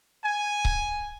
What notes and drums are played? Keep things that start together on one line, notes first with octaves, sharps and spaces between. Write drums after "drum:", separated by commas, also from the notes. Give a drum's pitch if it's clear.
G#5
drum: kick C#1